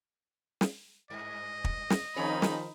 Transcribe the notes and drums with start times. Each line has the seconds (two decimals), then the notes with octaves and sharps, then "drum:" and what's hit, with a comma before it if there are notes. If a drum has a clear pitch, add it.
0.61 drum: snare
1.10 G2 D#5
1.64 drum: kick
1.90 drum: snare
2.16 D#3 F3 C4 D#4 G#4 C#5 B5
2.42 drum: snare